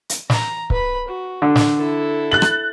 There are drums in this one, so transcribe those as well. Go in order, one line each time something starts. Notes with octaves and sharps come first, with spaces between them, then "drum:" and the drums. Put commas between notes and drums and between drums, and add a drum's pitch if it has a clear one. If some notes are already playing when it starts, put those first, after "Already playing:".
drum: hi-hat
A#5, drum: snare
B4 B5, drum: kick C#1
F#4
D3
drum: snare
E4 A4
F#6 A6 F#7
drum: rim click